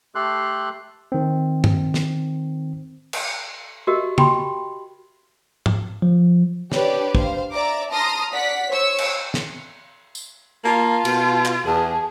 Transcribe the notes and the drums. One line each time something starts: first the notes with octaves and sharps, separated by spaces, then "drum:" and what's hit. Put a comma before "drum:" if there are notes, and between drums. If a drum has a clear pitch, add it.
A3 G4 A4 C6 F#6
D#3 C4
drum: tom
drum: snare
drum: cymbal
F#4 G4 A#4 D#5 E5
G4 G5 B5 C6, drum: tom
drum: tom
F3
D4 G4 B4 C#5 D5, drum: snare
C5 F5, drum: kick
D5 E5 A#5 D6
A5 A#5 C6 D#6 F6 A#6
D5 F#5 B6
C5 C#5 C#6 E6
drum: cymbal
drum: snare
drum: tambourine
A#3 F4 A5
B2, drum: cymbal
drum: clap
E2 G#4 A5